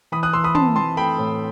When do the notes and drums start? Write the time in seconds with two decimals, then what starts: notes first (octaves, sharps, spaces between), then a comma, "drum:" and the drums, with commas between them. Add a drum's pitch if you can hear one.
0.12 E3 B5 D#6
0.23 D#6 F#6
0.33 E3 C6 E6
0.44 B5 D#6
0.55 C4 A5 C6, drum: tom
0.76 E3 A5 C6
0.97 A3 G5 B5
1.18 A2